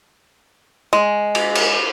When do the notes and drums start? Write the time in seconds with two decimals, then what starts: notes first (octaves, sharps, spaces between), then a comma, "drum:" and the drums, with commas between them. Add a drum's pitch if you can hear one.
0.93 G#3
1.35 drum: cymbal
1.55 drum: cymbal